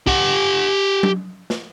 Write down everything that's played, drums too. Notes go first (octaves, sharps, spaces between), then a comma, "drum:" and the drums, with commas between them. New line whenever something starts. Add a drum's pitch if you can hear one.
G4 F#5, drum: kick
drum: tom F#3
drum: snare